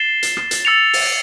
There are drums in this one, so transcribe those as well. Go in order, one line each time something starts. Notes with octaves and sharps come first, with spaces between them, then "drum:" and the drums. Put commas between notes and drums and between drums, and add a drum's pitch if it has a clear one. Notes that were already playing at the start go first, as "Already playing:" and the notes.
Already playing: A6 C7 E7 G7
drum: hi-hat
drum: rim click
drum: hi-hat
E6 A6 C#7 F7
drum: open hi-hat